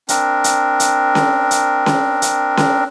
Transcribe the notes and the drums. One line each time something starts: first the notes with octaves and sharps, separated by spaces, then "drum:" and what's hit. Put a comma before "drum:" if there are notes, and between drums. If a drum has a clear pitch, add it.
C4 D4 A#4, drum: hi-hat
drum: hi-hat
drum: hi-hat
drum: snare C#4
drum: hi-hat
drum: snare C#4
drum: hi-hat
drum: snare C#4